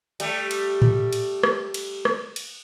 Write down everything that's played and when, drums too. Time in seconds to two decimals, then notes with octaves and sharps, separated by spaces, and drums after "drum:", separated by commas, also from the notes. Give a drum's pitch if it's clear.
0.20 G3 A3, drum: cymbal
0.51 drum: cymbal
0.82 drum: tom A2
1.13 drum: cymbal
1.43 drum: rim click
1.74 drum: cymbal
2.05 drum: rim click
2.36 drum: cymbal